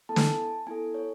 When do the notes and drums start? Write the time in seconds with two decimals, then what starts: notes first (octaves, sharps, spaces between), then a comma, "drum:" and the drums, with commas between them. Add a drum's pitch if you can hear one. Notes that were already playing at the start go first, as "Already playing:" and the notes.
0.09 B3 E4 A4 A5
0.16 G#5, drum: snare
0.23 A5
0.66 B3 E4 A4 G#5
0.94 C#5